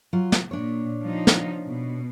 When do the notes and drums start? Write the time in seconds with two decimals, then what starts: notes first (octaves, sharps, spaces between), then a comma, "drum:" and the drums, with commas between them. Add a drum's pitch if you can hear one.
0.13 F#3 F4
0.32 drum: snare
0.51 A#2 D4 C#5
1.03 F3 D#4
1.27 drum: snare
1.67 B2